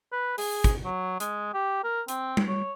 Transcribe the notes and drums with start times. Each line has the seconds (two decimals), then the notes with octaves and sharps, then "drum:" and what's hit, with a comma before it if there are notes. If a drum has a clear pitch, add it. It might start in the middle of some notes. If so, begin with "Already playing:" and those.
0.12 B4
0.38 G#4, drum: open hi-hat
0.64 drum: kick, hi-hat
0.84 F#3
1.20 G#3, drum: hi-hat
1.54 G4
1.84 A#4
2.08 C4, drum: hi-hat
2.37 drum: tom G3
2.48 C#5